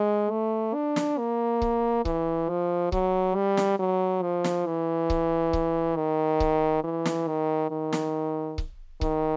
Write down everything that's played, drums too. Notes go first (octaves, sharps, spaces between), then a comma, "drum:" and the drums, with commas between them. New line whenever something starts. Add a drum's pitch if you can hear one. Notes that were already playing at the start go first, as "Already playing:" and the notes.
Already playing: G#3
A3
D4
drum: snare
A#3
drum: kick C#1
E3, drum: kick C#1
F3
F#3, drum: kick C#1
G3
drum: snare
F#3
F3
drum: snare
E3
drum: kick C#1
drum: kick C#1
D#3
drum: kick C#1
E3
drum: snare
D#3
D#3
drum: snare
drum: kick C#1
D#3, drum: kick C#1